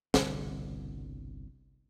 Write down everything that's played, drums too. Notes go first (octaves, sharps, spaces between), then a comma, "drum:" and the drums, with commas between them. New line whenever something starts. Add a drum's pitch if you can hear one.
G1 C2 B2 D3, drum: snare